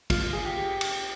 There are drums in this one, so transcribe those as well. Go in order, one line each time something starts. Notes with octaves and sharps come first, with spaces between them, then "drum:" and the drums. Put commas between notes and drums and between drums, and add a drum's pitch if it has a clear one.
F4, drum: kick, cymbal
F4
G#4
G4
drum: cymbal